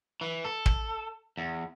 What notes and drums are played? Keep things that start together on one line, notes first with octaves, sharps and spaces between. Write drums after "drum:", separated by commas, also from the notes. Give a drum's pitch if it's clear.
E3
A4
drum: kick
E2